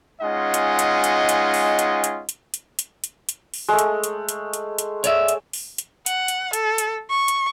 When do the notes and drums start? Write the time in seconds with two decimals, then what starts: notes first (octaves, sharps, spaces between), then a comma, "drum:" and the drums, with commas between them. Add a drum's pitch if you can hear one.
0.22 G#3 C#4 D#4 F4 D#5 F#5
0.54 drum: hi-hat
0.79 drum: hi-hat
1.04 drum: hi-hat
1.29 drum: hi-hat
1.54 drum: open hi-hat
1.79 drum: hi-hat
2.04 drum: hi-hat
2.29 drum: hi-hat
2.54 drum: hi-hat
2.79 drum: hi-hat
3.04 drum: hi-hat
3.29 drum: hi-hat
3.54 drum: open hi-hat
3.68 G#3 A3
3.79 drum: hi-hat
4.04 drum: hi-hat
4.29 drum: hi-hat
4.53 drum: hi-hat
4.78 drum: hi-hat
5.04 C#5 D5 E5, drum: hi-hat
5.28 drum: hi-hat
5.53 drum: open hi-hat
5.78 drum: hi-hat
6.06 F#5, drum: hi-hat
6.28 drum: hi-hat
6.53 A4, drum: hi-hat
6.78 drum: hi-hat
7.10 C#6
7.28 drum: hi-hat